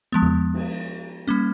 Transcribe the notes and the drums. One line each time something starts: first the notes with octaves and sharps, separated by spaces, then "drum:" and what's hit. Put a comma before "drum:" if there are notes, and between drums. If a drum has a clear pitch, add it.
F3 G#3 B3
drum: tom E2
drum: cymbal
G3 A#3 C#4